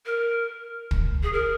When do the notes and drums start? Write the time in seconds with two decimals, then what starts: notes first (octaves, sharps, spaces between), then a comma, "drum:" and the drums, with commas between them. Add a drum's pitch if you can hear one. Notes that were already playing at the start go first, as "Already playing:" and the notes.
0.06 A#4
0.91 drum: kick
1.23 G#4
1.33 A#4